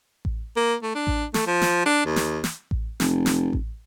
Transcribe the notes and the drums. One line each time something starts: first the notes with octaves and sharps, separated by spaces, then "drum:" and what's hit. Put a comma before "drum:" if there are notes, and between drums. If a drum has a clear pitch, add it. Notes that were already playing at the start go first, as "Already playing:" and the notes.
drum: kick A1
A#3
A3
D4
drum: kick A1
A3, drum: snare
F3
drum: snare
D4
D#2
drum: snare
drum: snare
drum: kick A1
F1, drum: snare
drum: snare
drum: kick A1